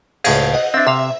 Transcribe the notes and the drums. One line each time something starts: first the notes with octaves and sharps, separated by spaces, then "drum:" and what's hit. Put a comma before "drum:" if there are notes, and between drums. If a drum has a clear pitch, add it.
C#2 A2 G#4 F5, drum: cymbal
D#5 F#5
C4 D4 E5
C3 E5 F5